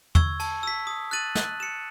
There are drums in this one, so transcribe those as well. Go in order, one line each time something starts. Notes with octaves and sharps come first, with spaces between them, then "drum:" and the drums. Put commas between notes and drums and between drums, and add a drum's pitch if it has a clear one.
C#6 E6 G#6, drum: tom
A5, drum: cymbal
E6 B6
D#6
F#6 A6 D#7 F#7
F#6, drum: snare
C#7 E7